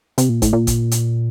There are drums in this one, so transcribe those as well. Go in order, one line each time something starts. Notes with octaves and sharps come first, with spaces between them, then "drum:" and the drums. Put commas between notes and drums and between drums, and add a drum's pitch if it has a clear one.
C3, drum: hi-hat
A#2
A2, drum: kick, hi-hat
A#2
drum: kick, hi-hat
drum: hi-hat